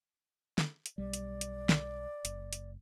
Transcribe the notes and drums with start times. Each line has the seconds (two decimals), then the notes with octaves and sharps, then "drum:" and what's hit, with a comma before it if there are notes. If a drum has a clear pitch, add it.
0.58 drum: snare
0.86 drum: hi-hat
0.98 B1 G3 D5
1.13 drum: hi-hat
1.41 drum: hi-hat
1.69 drum: snare
2.25 F#1, drum: hi-hat
2.53 drum: hi-hat